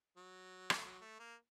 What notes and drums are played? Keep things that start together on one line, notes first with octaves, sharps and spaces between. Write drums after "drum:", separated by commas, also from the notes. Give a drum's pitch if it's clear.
F#3
A#3, drum: rim click
A3
F#3
A3
A#3